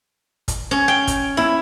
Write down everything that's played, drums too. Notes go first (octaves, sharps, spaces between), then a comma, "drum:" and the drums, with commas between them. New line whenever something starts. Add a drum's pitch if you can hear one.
drum: kick, hi-hat
C#4
G5
drum: kick, hi-hat
E4, drum: snare E4